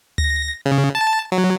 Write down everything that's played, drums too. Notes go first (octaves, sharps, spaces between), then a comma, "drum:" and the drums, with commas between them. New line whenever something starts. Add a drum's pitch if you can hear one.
A#6, drum: tom D2
C#3
A5
F#3